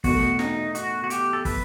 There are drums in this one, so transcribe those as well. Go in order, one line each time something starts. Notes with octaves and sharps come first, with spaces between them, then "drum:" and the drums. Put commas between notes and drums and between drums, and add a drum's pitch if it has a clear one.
E2 B2 A3 F#4, drum: kick, open hi-hat
D#4, drum: snare
F#4, drum: hi-hat
F#4
G4, drum: hi-hat
A4
B4, drum: kick, open hi-hat